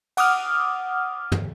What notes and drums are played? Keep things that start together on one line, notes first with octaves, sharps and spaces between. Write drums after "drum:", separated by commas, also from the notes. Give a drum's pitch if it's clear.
F#5 D6 D#6 F6, drum: cymbal
drum: tom